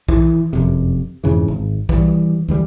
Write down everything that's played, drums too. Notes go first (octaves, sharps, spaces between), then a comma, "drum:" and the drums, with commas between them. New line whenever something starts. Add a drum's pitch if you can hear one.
E3, drum: kick A#1
F#1 F2 C3
F2 G#2 C#3 E3
G#1
E3 G3, drum: kick A#1
D2 E3 G3